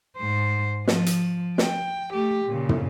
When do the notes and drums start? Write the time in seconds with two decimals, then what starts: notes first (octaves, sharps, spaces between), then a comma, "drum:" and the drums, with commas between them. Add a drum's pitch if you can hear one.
0.17 G#2 C5
0.88 F3, drum: snare
1.06 drum: hi-hat
1.58 G5, drum: snare
2.13 A3 G4
2.46 A#2 C#3
2.69 drum: tom